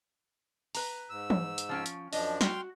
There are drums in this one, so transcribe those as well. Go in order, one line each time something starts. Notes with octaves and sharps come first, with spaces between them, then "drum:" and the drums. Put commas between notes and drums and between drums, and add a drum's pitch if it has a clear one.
B4 A#5, drum: open hi-hat
G#2 E6
drum: tom E3
drum: hi-hat
F3 C#4 G5
drum: hi-hat
F#2 F3 D4 D#5, drum: open hi-hat
F#4 G5 C6 F6, drum: snare